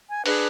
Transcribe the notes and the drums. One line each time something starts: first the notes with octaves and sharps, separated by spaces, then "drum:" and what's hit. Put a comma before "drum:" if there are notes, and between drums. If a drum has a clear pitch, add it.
G#5
D4 G#4 B4, drum: open hi-hat